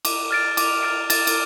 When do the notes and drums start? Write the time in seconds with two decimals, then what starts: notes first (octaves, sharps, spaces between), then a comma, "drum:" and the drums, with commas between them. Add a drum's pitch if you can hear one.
0.05 D6, drum: cymbal
0.31 F6 A6 D7
0.57 D6, drum: cymbal
0.83 F6 A6 D7
1.10 A6, drum: cymbal
1.27 drum: cymbal